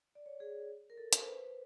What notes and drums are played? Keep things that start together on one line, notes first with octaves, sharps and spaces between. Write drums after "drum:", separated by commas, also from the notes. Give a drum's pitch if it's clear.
D5
C#5
G#4
A#4
A4
A#4, drum: hi-hat
C5
B4